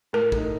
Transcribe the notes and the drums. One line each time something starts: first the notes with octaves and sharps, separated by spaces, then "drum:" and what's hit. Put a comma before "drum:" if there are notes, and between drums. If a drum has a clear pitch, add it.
A2 A#4
A3 D#4, drum: kick